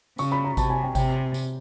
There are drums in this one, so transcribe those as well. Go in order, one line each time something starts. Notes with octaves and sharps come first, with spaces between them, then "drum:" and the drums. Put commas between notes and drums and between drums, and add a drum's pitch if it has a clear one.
C#3 C#6, drum: tambourine
B5
A#5
C3 A5, drum: kick G#1, tambourine
G#5
G5
C3 G5, drum: kick G#1, tambourine
drum: tambourine